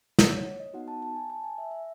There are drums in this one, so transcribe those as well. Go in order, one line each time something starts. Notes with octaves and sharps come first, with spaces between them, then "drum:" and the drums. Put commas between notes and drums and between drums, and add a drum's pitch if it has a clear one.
F#5, drum: snare
C#5
D#5
B3 D#4 F#4 F#5
A5
A5
G#5
A5
G#5
E5
E5